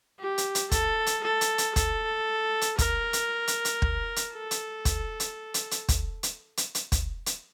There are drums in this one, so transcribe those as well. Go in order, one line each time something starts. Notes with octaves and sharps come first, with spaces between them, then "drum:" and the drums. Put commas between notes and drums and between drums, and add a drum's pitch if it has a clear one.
G4
drum: hi-hat
drum: hi-hat
A4, drum: kick, hi-hat
drum: hi-hat
A4
drum: hi-hat
drum: hi-hat
A4, drum: kick, hi-hat
drum: hi-hat
A#4, drum: kick, hi-hat
drum: hi-hat
drum: hi-hat
drum: hi-hat
drum: kick
drum: hi-hat
A4
drum: hi-hat
drum: kick, hi-hat
drum: hi-hat
drum: hi-hat
drum: hi-hat
drum: kick, hi-hat
drum: hi-hat
drum: hi-hat
drum: hi-hat
drum: kick, hi-hat
drum: hi-hat